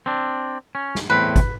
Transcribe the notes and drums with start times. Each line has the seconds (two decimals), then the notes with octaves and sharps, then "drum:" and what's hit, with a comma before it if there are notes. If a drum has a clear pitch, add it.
0.06 C4 D4
0.75 C#4
0.95 drum: snare
1.10 E2 A2 C4 B4
1.36 drum: kick, hi-hat